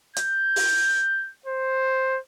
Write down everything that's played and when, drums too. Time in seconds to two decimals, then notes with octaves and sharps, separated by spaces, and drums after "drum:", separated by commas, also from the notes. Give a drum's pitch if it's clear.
0.16 G6, drum: hi-hat
0.56 drum: open hi-hat
1.46 C5